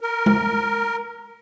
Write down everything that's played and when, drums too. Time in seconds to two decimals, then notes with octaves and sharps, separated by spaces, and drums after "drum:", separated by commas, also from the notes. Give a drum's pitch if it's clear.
0.01 A#4
0.26 drum: tom G#3